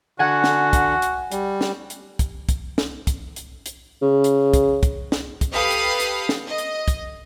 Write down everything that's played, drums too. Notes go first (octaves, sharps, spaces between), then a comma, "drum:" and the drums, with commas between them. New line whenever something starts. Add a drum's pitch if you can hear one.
D3 F#4 F#5 G#5
drum: snare
drum: kick, hi-hat
drum: hi-hat
G3, drum: hi-hat
drum: snare
drum: hi-hat
drum: kick, hi-hat
drum: kick, hi-hat
drum: snare
drum: kick, hi-hat
drum: hi-hat
drum: hi-hat
C#3
drum: hi-hat
drum: kick, hi-hat
drum: kick, hi-hat
drum: snare
drum: kick, hi-hat
G4 A4 B4 F5 D#6 F6
drum: hi-hat
drum: hi-hat
drum: snare
D#5
drum: hi-hat
drum: kick, hi-hat